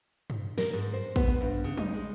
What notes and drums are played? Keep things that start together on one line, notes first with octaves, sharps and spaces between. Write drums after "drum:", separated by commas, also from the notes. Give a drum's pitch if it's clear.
drum: tom G2
A#4, drum: snare
G#2
C5
B3, drum: kick, hi-hat
G2
C#3
D#4, drum: tom F#3
G#3